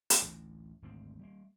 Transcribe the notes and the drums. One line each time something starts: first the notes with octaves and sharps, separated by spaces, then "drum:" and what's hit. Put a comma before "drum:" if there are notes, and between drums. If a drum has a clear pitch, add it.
drum: hi-hat
A1 D2
G#1 D2 C4
G3 A3 A#3